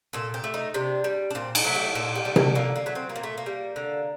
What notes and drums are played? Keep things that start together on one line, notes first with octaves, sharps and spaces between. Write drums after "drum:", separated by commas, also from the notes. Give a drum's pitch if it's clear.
A#2 A4
G4
A3
D#4
C3 D4
G3
D4
A#2 C4
D#4, drum: cymbal
F#3 A3
G4
A#2 A4
G4
G3
G4, drum: tom C3
D3 A#3
A#3
F#3 A3
C4
A#3
A#2
A3
A#3
G3
D3